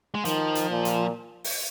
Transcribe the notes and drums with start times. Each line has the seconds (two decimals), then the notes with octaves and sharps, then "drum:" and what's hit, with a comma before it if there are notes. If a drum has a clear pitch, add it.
0.15 G#3
0.25 D#3 F3, drum: hi-hat
0.55 drum: hi-hat
0.70 A#2
0.85 drum: hi-hat
1.44 drum: open hi-hat